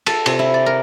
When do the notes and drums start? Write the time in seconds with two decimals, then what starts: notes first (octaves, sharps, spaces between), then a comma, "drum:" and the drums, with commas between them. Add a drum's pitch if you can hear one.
0.06 A4, drum: cymbal
0.26 C3, drum: cymbal
0.39 E4
0.54 D5
0.66 A#4